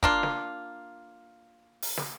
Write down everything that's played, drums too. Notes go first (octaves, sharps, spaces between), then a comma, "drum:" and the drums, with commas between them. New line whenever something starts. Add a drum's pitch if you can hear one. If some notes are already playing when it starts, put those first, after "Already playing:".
A#3 D4 F4, drum: kick
drum: snare
drum: open hi-hat
drum: snare